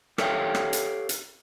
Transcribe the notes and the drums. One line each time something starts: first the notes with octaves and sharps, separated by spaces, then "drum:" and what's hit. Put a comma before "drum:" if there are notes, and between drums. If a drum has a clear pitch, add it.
G4 A4 C#5 E5 F5 G5, drum: rim click
drum: rim click
drum: hi-hat
drum: hi-hat